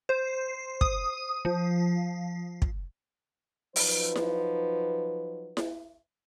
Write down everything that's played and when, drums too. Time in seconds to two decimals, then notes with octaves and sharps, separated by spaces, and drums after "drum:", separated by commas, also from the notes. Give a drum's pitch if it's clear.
0.09 C5
0.81 D#6, drum: kick
1.45 F3
2.62 drum: kick
3.76 F3 F#3 D#4 B4, drum: open hi-hat
4.16 drum: snare E4
5.57 drum: snare E4